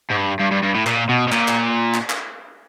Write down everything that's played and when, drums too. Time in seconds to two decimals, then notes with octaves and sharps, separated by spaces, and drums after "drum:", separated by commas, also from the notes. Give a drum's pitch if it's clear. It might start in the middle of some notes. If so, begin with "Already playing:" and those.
0.11 G#2
0.17 G2
0.40 G2
0.52 G2
0.63 G2
0.75 A2
0.87 A#2, drum: clap
1.09 B2
1.28 B2
1.32 A#2, drum: clap
1.48 drum: clap
1.94 drum: clap
2.10 drum: clap